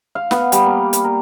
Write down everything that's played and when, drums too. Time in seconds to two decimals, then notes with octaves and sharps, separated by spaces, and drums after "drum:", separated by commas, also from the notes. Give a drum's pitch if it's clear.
0.15 F5
0.31 B3, drum: snare
0.52 G3, drum: hi-hat
0.66 A#3
0.93 drum: hi-hat
1.04 A#4